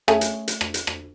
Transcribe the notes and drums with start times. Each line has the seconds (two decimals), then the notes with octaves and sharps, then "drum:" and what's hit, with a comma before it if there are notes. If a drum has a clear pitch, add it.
0.08 A3 C#4 G#4, drum: rim click
0.21 drum: hi-hat
0.48 drum: hi-hat
0.61 drum: rim click
0.74 drum: hi-hat
0.87 drum: rim click